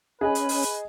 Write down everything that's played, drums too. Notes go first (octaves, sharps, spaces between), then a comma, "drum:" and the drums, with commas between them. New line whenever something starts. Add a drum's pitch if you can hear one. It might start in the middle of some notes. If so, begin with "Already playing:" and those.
C#4 G#4 B4 D#5 G#5
drum: hi-hat
drum: open hi-hat
drum: hi-hat